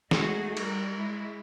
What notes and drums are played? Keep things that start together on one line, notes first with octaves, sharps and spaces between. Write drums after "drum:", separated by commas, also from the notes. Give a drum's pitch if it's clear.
G#3 A3 D#4 F#4 G#4, drum: snare
G3 A#4, drum: cymbal
G#3 E4